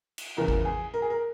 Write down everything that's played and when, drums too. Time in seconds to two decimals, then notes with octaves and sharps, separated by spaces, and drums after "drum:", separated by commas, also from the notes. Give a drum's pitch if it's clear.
0.18 drum: cymbal
0.37 E2 C#3 E3 B3 E4 A#4
0.48 drum: kick G#1
0.65 G#4
0.94 A#4
1.02 G#4
1.10 A#4